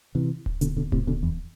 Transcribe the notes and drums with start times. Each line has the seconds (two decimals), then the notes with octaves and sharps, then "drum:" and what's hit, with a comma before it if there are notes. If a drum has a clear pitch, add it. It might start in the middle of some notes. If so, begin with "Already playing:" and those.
0.15 C3 E3
0.46 drum: kick D1
0.61 B2 D3, drum: hi-hat
0.77 B2 D3
0.92 A2 C3, drum: kick D1
1.07 B2 D3
1.23 E2